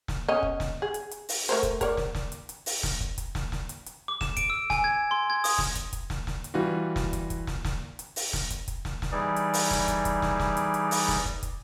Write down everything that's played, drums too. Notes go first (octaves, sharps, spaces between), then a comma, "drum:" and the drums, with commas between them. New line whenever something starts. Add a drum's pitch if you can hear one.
drum: snare
B3 C#4 D#5
drum: kick
drum: snare
G#4
drum: hi-hat
drum: hi-hat
drum: open hi-hat
A3 A#4 C5
drum: kick, hi-hat
A#4 C#5 D5, drum: kick, hi-hat
drum: snare
drum: snare
drum: hi-hat
drum: hi-hat
drum: open hi-hat
drum: snare
drum: kick
drum: kick, hi-hat
drum: snare
drum: snare
drum: hi-hat
drum: hi-hat
D6
E7, drum: snare
D7, drum: kick, hi-hat
E6
G#5, drum: snare
G#6
C6
G#6
D#6, drum: open hi-hat
drum: snare
drum: kick, hi-hat
drum: kick, hi-hat
drum: snare
drum: snare
drum: hi-hat
E3 G3 F4 F#4
drum: snare
drum: kick, hi-hat
drum: kick, hi-hat
drum: snare
drum: snare
drum: hi-hat
drum: open hi-hat
drum: snare
drum: kick, hi-hat
drum: kick, hi-hat
drum: snare
drum: snare
E3 G3 D#4 G#4 D5
drum: hi-hat
drum: open hi-hat
drum: snare
drum: kick, hi-hat
drum: kick, hi-hat
drum: snare
drum: snare
drum: hi-hat
drum: hi-hat
drum: open hi-hat
drum: snare
drum: kick
drum: kick, hi-hat